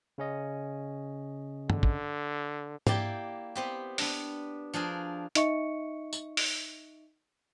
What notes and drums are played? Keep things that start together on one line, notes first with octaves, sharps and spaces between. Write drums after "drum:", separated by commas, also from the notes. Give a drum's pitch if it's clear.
C#3 C#4 D#5
D3, drum: tom G2
drum: kick
A#3 E4 G4 D5 G5, drum: tom G#2
B3 C4 G4
B3 D4, drum: open hi-hat
F3 D4 G#4 A#4
D#4 D#5 E5 C#6 C#7, drum: hi-hat
drum: tambourine
drum: open hi-hat